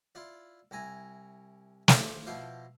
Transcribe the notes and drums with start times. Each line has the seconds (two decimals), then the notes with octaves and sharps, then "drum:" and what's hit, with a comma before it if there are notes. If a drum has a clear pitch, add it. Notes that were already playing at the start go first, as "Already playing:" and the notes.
0.15 E4 F4 D5
0.71 C2 E4 G#5 A#5
1.88 E4 F4 C5, drum: snare
2.26 B2 F3 E4 C5 F5 D6